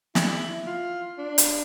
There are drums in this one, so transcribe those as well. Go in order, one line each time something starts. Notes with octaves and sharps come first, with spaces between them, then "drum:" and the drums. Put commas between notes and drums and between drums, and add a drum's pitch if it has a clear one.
E4, drum: snare
F4
D4
drum: hi-hat